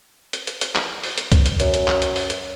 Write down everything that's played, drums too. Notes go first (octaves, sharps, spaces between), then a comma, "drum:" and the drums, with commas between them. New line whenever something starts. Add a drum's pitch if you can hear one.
drum: hi-hat
drum: hi-hat
drum: hi-hat
drum: clap
drum: open hi-hat
drum: hi-hat
drum: kick, hi-hat
drum: hi-hat
F#2, drum: hi-hat
drum: hi-hat
drum: clap
drum: hi-hat
drum: open hi-hat
drum: hi-hat